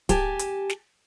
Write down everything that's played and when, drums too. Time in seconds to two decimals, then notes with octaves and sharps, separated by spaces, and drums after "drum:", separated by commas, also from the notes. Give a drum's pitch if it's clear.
0.09 G4 G#5 A5, drum: kick D1, hi-hat
0.39 drum: hi-hat
0.70 drum: snare